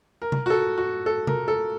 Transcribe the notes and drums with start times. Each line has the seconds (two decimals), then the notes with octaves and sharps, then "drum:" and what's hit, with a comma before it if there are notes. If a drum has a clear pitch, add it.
0.22 A#4
0.32 drum: tom C3
0.46 F#4
0.50 A4
0.78 F#4
1.06 A4
1.27 A#4, drum: tom C3
1.48 A4